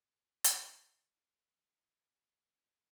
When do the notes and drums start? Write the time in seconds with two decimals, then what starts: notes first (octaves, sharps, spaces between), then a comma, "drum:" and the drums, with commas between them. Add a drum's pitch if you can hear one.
0.44 drum: hi-hat
1.14 E4 D5
1.46 E3 F4
1.84 C#5
2.21 F3 A#3
2.52 F#3 B3 F4 A#5